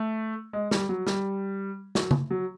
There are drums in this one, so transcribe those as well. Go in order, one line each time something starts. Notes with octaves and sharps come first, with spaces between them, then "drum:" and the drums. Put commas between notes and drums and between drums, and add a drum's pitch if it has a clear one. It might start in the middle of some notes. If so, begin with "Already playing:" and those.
Already playing: A3
G#3
G3, drum: snare
F#3
G3, drum: snare
F#3, drum: snare
drum: tom C#3
F#3